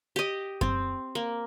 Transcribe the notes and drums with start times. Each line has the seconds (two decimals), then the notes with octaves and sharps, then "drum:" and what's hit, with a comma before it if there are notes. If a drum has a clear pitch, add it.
0.16 G4 D#5
0.61 C4, drum: kick F#2
1.15 A#3